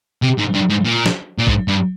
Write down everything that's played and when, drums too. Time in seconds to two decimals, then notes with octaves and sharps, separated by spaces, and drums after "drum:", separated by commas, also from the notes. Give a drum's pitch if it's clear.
0.23 C3
0.39 G#2
0.54 G2
0.70 G#2
0.85 A#2
1.06 drum: snare
1.39 A#2
1.47 G#2, drum: kick
1.68 G2